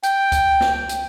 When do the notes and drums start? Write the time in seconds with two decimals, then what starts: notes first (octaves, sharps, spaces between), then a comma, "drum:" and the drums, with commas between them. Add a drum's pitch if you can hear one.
0.03 G5, drum: hi-hat
0.32 drum: kick C#2, hi-hat
0.61 drum: snare
0.89 drum: hi-hat